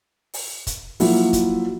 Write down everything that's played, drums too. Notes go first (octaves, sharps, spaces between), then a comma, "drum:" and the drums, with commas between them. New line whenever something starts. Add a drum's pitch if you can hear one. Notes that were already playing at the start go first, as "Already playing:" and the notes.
drum: open hi-hat
drum: kick, hi-hat
F3 F#3 A#3 E4 F4, drum: open hi-hat
drum: kick, hi-hat